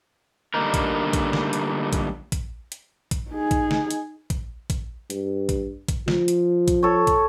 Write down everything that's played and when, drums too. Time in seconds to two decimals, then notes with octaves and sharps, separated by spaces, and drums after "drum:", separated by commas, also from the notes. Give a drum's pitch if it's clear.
0.54 D3 G3 A#3 D4 D#4 A#4
0.74 drum: kick, hi-hat
1.13 drum: kick, hi-hat
1.33 drum: snare
1.53 drum: hi-hat
1.93 drum: kick, hi-hat
2.32 drum: kick, hi-hat
2.72 drum: hi-hat
3.11 drum: kick, hi-hat
3.29 D#4 G#4
3.51 drum: kick, hi-hat
3.71 drum: snare
3.91 drum: hi-hat
4.30 drum: kick, hi-hat
4.70 drum: kick, hi-hat
5.10 G2, drum: hi-hat
5.49 drum: kick, hi-hat
5.88 drum: kick, hi-hat
6.08 F3, drum: snare
6.28 drum: hi-hat
6.68 drum: kick, hi-hat
6.83 A4 C#5
7.07 drum: kick, hi-hat